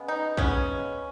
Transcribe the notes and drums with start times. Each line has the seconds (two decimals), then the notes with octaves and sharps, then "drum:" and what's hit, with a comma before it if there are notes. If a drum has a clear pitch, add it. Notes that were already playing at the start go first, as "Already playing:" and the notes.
Already playing: C#3 G#3 B3
0.08 D#4
0.37 C#3 G#3 B3 C#4, drum: kick A#1